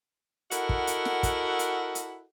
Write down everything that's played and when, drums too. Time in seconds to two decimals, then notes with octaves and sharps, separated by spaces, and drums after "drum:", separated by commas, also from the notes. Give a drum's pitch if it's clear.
0.51 E4 F#4 A4 A#4 D#5 F#5, drum: hi-hat
0.69 drum: kick
0.87 drum: hi-hat
1.05 drum: snare
1.23 drum: kick, hi-hat
1.59 drum: hi-hat
1.95 drum: hi-hat